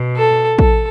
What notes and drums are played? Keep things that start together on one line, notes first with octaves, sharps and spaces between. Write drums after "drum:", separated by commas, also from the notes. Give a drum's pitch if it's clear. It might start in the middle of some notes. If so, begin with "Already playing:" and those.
Already playing: B2
A4
A4, drum: kick